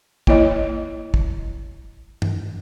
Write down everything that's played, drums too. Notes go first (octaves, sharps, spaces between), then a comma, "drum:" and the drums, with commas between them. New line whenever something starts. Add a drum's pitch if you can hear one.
A#3 E4 C#5 D#5, drum: kick
drum: kick
drum: tom G2